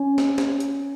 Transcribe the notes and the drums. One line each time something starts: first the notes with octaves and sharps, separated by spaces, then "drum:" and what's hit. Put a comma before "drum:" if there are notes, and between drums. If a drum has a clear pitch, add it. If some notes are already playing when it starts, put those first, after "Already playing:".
Already playing: C#4
drum: snare
drum: snare
drum: hi-hat